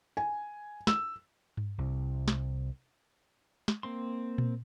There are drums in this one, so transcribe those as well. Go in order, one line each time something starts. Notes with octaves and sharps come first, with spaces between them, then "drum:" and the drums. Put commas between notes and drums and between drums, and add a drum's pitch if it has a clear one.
G#5
E6, drum: snare
drum: tom G2
C2
drum: snare
drum: snare
A#3 C4 C6
drum: tom A#2